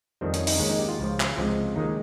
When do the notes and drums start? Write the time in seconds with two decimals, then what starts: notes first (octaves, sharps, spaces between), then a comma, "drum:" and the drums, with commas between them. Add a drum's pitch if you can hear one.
0.21 F2 D#3 G3 C4
0.34 C#4, drum: hi-hat
0.47 D#4, drum: open hi-hat
0.60 D#2 D#3 G#3 C#4
0.70 D#4
0.79 G4
0.89 F4
0.98 C#2 C#3 F3
1.20 drum: clap
1.37 C#2 C3 F3 G#3
1.75 D#2 D#3 G#3 D#4